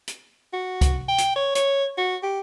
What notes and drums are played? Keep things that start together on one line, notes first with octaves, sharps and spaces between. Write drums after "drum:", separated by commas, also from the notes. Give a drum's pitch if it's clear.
drum: hi-hat
F#4
drum: kick, hi-hat
G5
drum: hi-hat
C#5
C#5, drum: hi-hat
F#4
G4